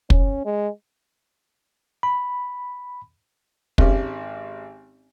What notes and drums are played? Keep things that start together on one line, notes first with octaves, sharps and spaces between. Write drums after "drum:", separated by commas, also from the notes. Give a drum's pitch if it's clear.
C#4, drum: kick
G#3
B5
G#1 C#4 G4, drum: kick